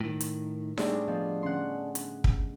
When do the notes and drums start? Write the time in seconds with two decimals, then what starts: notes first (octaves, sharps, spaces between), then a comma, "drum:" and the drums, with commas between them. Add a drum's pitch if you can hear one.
0.01 A2 D#3
0.21 drum: hi-hat
0.78 A2 G3 B3 C4 D4 G#4 D5, drum: snare D#4
1.08 F3 B3 D#5
1.43 D3 C#4 F#5 C6
1.95 drum: hi-hat
2.24 drum: kick